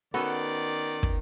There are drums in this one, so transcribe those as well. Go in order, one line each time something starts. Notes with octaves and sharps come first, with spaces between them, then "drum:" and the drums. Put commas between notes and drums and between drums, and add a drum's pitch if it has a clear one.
D#3 B3 C#4 F#4 A4 D5
drum: kick